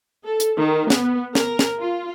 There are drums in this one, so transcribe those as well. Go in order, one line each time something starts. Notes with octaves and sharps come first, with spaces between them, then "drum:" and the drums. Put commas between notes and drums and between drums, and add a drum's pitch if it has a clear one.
A4
drum: hi-hat
D#3
B3, drum: snare
A#4, drum: snare
drum: snare
F4